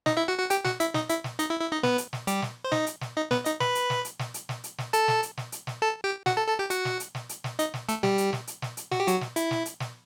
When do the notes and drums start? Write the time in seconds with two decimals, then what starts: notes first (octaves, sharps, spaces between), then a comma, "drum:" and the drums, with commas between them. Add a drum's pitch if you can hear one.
0.06 D#4 D#5, drum: snare
0.17 E4 E5
0.28 F#4 F#5
0.39 F#4 F#5
0.50 G4 G5, drum: hi-hat
0.65 F#4 F#5, drum: snare
0.80 E4 E5, drum: hi-hat
0.94 D#4 D#5, drum: snare
1.09 E4 E5, drum: hi-hat
1.24 drum: snare
1.39 D#4 D#5, drum: hi-hat
1.50 E4 E5
1.61 E4 E5
1.72 D#4 D#5
1.83 B3 B4, drum: snare
1.98 drum: hi-hat
2.13 drum: snare
2.27 G3 G4, drum: hi-hat
2.42 drum: snare
2.64 C5
2.72 D#4 D#5, drum: snare
2.87 drum: hi-hat
3.01 drum: snare
3.16 D#4 D#5
3.31 B3 B4, drum: snare
3.45 D#4 D#5, drum: hi-hat
3.60 B4 B5, drum: snare
3.75 drum: hi-hat
3.90 drum: snare
4.05 drum: hi-hat
4.19 drum: snare
4.34 drum: hi-hat
4.49 drum: snare
4.64 drum: hi-hat
4.78 drum: snare
4.93 A4 A5, drum: hi-hat
5.08 drum: snare
5.23 drum: hi-hat
5.37 drum: snare
5.52 drum: hi-hat
5.67 drum: snare
5.82 A4 A5
6.04 G4 G5
6.26 F#4 F#5, drum: snare
6.37 A4 A5
6.48 A4 A5
6.59 G4 G5
6.70 F#4 F#5, drum: hi-hat
6.85 drum: snare
7.00 drum: hi-hat
7.15 drum: snare
7.29 drum: hi-hat
7.44 drum: snare
7.59 D#4 D#5, drum: hi-hat
7.74 drum: snare
7.89 A3 A4, drum: hi-hat
8.03 G3 G4, drum: snare
8.18 drum: hi-hat
8.33 drum: snare
8.47 drum: hi-hat
8.62 drum: snare
8.77 drum: hi-hat
8.91 F#4, drum: snare
9.00 G4
9.08 F#3 F#4, drum: hi-hat
9.21 drum: snare
9.36 E4, drum: hi-hat
9.51 drum: snare
9.66 drum: hi-hat
9.80 drum: snare